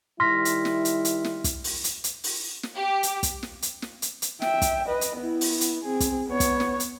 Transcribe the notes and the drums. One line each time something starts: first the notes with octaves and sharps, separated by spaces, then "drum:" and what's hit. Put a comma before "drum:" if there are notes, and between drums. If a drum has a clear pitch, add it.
D#3 G3 E4 C6 F6 A#6 B6
drum: hi-hat
drum: snare
drum: hi-hat
drum: hi-hat
drum: snare
drum: kick, hi-hat
drum: open hi-hat
drum: hi-hat
drum: hi-hat
drum: open hi-hat
drum: snare
G4
drum: hi-hat
drum: kick, hi-hat
drum: snare
drum: hi-hat
drum: snare
drum: hi-hat
drum: hi-hat
E5 G5, drum: snare
drum: kick, hi-hat
B4 D#5
drum: hi-hat
B3 E4
drum: open hi-hat
drum: hi-hat
C4 G#4
drum: kick, hi-hat
B3 C#5
drum: kick, hi-hat
drum: snare
drum: hi-hat